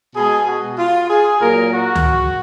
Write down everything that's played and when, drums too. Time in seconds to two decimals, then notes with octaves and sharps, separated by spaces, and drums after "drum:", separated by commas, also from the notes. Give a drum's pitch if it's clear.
0.16 B2 G#3 G#4
0.47 F#4
0.79 F4
1.10 G#4
1.41 A#2 F#3 A#3 A#4
1.73 F#4
1.95 drum: tom C#2